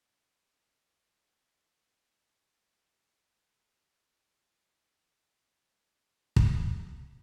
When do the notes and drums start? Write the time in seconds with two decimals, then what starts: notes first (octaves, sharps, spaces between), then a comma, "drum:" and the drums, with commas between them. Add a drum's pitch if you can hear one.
0.26 G3 G#3 B3 C#4 E4 B4
2.49 D#3 E4
2.96 B3 F#6
4.03 F#2 B2 D3 D#4 E4 B4
4.39 D3 G#3 D#4
4.65 E3 B3
5.51 D3 D6
6.36 drum: kick